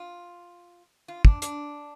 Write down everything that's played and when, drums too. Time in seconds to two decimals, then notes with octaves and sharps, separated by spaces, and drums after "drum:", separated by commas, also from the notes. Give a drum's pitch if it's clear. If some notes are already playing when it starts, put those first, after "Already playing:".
Already playing: F4
1.08 F4
1.25 D4, drum: kick
1.42 D4, drum: hi-hat